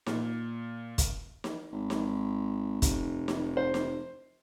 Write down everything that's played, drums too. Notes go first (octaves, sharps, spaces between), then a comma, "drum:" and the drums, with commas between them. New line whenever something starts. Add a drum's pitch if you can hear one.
A#2, drum: snare
drum: kick, hi-hat
drum: snare
G#1
drum: snare
F1, drum: kick, hi-hat
drum: snare
C5
drum: snare